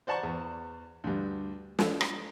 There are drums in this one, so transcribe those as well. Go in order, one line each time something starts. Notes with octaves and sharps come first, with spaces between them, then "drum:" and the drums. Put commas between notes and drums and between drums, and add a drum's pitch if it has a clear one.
C5 D5 F#5 A5 A#5 C#6
E2
D2 G2
F3, drum: snare
drum: rim click